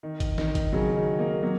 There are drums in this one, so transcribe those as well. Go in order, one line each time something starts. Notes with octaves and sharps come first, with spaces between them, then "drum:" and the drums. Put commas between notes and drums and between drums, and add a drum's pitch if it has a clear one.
D#3
drum: kick, hi-hat
D#3, drum: snare
drum: kick, hi-hat
C#3 F#3
D#3
A#3 D#4
F#3 A#3